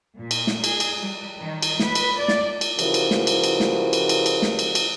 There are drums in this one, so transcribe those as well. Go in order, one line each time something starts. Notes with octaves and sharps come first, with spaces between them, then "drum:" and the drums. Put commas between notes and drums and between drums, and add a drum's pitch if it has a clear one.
A#2
drum: cymbal
drum: snare
G#4, drum: cymbal
drum: cymbal
G3
D#3
drum: cymbal
B4, drum: snare
drum: cymbal
D5
drum: snare
drum: cymbal
C#3 E3 F3 G3 F#4 A#4, drum: cymbal
drum: cymbal
drum: snare
drum: cymbal
drum: cymbal
drum: snare
drum: cymbal
drum: cymbal
drum: cymbal
drum: snare
drum: cymbal
drum: cymbal